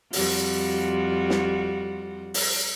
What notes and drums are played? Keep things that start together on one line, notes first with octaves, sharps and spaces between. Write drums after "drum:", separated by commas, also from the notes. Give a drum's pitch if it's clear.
F2 G3 F#4, drum: open hi-hat
drum: snare
drum: open hi-hat